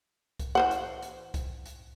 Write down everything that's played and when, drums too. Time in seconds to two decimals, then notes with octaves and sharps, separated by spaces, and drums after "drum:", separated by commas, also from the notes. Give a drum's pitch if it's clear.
0.39 drum: kick C2, hi-hat
0.55 E3 C5 F#5
0.71 drum: hi-hat
1.03 drum: hi-hat
1.34 drum: kick C2, hi-hat
1.66 drum: hi-hat